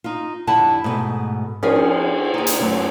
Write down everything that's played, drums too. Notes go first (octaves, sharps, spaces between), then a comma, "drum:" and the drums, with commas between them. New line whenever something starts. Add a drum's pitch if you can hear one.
D#4 F4
F2 D3 E4 G4 F#5 A5
G#2 B2 A3
F3 C#4 E4 G#4 A#4 D5, drum: cymbal
D#2 D#4
drum: hi-hat
F#2 A#2 F#3 A3 C4 C#4